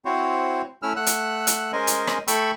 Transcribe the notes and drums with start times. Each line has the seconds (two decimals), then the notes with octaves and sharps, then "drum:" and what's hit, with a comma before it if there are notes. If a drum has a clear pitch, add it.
0.05 C4 E4 F#4 C5 C#5
0.82 A3 C#4 E4 E6 F6
0.96 A3 F#5 E6 F#6
1.06 drum: hi-hat
1.47 drum: hi-hat
1.73 G#3 C#4 A#4 C5 D#5 G#5
1.87 drum: hi-hat
2.07 drum: rim click
2.28 A3 A4 G5 B5 C#6 E6, drum: hi-hat